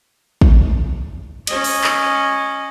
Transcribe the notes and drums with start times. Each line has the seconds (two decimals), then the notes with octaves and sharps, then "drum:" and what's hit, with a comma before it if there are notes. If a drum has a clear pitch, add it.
0.41 drum: kick
1.47 C#4 D#5, drum: cymbal
1.64 drum: open hi-hat
1.84 drum: clap